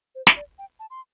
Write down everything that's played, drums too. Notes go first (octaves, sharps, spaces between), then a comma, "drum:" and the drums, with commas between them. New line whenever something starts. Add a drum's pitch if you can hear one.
C5
drum: snare
D5
G5
A5
C6